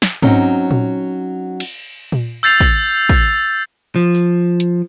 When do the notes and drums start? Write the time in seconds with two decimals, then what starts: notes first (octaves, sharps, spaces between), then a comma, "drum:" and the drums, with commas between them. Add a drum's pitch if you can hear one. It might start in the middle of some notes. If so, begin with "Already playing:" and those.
0.02 drum: snare
0.22 F#3 C4 C#4 D#4, drum: tom G#2
0.71 drum: tom A#2
1.60 drum: cymbal
2.12 drum: tom A#2
2.43 E6 G6 A6 C7 F7
2.60 drum: kick
3.09 drum: kick
3.96 F3
4.15 drum: tambourine
4.60 drum: hi-hat